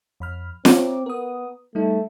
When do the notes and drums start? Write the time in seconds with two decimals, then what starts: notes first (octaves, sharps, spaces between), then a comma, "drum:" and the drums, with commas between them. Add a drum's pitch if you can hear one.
0.20 F2 B5 F6
0.65 C4 C#5 D6, drum: snare
1.06 B3 A#4 D#6
1.75 G3 A3 D#4